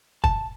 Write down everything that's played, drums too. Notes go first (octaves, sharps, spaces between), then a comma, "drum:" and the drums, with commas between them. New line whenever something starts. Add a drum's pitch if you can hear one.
A5, drum: kick